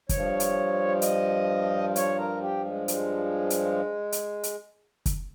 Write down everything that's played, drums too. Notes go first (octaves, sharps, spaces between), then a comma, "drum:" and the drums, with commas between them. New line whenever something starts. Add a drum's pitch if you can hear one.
G2 F3 C#5, drum: kick, hi-hat
drum: hi-hat
D#5, drum: hi-hat
C#5, drum: hi-hat
A#4
G4
G#3
G#3, drum: hi-hat
drum: hi-hat
drum: hi-hat
drum: hi-hat
drum: kick, hi-hat